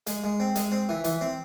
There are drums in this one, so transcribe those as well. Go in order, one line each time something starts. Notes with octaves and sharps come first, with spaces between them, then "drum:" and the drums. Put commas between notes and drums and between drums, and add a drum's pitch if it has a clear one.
G#3, drum: hi-hat
G#3
C4
G#3, drum: hi-hat
C4
E3
E3, drum: hi-hat
C4